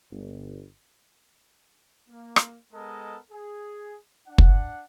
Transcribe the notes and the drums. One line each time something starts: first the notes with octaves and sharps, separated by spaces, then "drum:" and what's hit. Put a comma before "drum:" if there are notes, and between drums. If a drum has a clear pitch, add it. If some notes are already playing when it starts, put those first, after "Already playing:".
G1
A#3
drum: rim click
G#3 B3 A4 A#4 D#5
G#4
D4 F#5
drum: kick